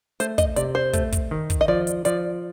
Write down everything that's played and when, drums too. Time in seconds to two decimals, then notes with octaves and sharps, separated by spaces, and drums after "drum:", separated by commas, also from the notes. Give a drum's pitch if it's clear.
0.20 A3 C5, drum: hi-hat
0.38 D#5, drum: kick, hi-hat
0.56 C3 D5, drum: hi-hat
0.75 C5
0.93 A3, drum: kick, hi-hat
1.12 drum: kick, hi-hat
1.31 D#3
1.50 drum: kick, hi-hat
1.61 D#5
1.68 F3 D5
1.87 drum: hi-hat
2.05 F3 D5, drum: hi-hat